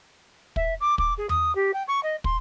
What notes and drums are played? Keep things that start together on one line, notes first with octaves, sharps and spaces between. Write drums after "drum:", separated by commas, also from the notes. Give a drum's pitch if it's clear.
E5, drum: kick
D6
D6, drum: kick
G#4
D#6, drum: tom E2
G4
G5
C#6
D#5
C6, drum: kick